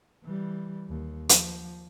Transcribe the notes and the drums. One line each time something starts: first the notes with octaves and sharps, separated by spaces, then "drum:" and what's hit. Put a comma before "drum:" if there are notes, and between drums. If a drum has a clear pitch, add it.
E3 G3
D#2
F3, drum: hi-hat